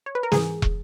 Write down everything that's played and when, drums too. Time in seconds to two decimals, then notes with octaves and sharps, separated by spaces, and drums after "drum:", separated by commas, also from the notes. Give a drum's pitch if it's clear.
0.06 C#5
0.15 B4
0.23 A#4
0.32 G#2 E3 G#4, drum: snare
0.62 drum: kick